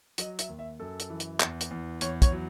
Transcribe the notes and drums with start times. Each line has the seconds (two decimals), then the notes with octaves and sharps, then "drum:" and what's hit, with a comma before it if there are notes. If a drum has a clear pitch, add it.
0.18 F#3 D#5, drum: hi-hat
0.39 E5, drum: hi-hat
0.49 D#2
0.59 E5
0.80 F#2 A4
1.00 drum: hi-hat
1.10 E3
1.20 drum: hi-hat
1.40 E2, drum: clap
1.61 drum: hi-hat
1.71 E2
2.01 E2 C#5, drum: hi-hat
2.22 C#5, drum: kick, hi-hat
2.32 F#3